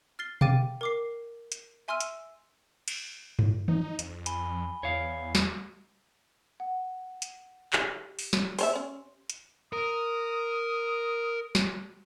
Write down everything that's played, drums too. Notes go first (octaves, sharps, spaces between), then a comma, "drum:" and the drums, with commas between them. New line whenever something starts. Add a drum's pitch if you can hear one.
F6 A6 C7 G7
F5 G5 D6 F6 A6 D#7, drum: tom B2
A#4 D6 C7
drum: hi-hat
E5 G#5 C6 E6 F6 D#7
drum: hi-hat
drum: cymbal
drum: tom G2
D#4, drum: tom
F2, drum: hi-hat
G#5 B5 G7, drum: hi-hat
E2 C#5 F5
drum: snare
F#5
drum: hi-hat
G4, drum: clap
drum: open hi-hat
drum: snare
C5 C#5 E5 C6, drum: open hi-hat
C#4
drum: hi-hat
A#4 D#6
drum: snare